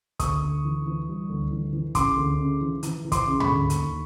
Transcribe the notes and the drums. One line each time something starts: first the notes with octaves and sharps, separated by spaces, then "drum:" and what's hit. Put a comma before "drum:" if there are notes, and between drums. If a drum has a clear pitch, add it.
D2 C#6 D#6, drum: kick, hi-hat
D2
E3
E3
G3
D2
E3
E3
C#3 C6 D6, drum: kick, hi-hat
D2
C#3
E3
E3, drum: hi-hat
E3
C6 D6, drum: kick, hi-hat
C#3
B5 C#6, drum: tom
D2
D#2, drum: hi-hat